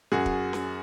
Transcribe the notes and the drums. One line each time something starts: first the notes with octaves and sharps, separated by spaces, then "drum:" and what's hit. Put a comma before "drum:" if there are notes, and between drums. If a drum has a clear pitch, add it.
F#2 F#4 G#4
drum: kick
drum: snare C#4